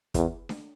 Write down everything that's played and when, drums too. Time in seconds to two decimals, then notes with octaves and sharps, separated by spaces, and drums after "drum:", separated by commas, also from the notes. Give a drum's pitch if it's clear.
0.14 E2, drum: kick, hi-hat
0.49 drum: snare D4